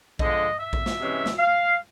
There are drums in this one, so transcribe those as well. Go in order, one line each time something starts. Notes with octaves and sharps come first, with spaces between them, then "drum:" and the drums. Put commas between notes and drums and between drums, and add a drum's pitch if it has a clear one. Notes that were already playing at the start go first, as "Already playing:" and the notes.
D3 F3 G#3 D#5, drum: kick A#1
E5
drum: kick A#1
drum: snare
C3 E3 G#3 C#4
drum: snare
F5